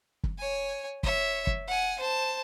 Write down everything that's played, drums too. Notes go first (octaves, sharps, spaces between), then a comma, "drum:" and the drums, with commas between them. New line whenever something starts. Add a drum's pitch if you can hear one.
drum: kick
C#5 G#5
C#5 E5, drum: kick
drum: kick
F#5 G#5
C5 A5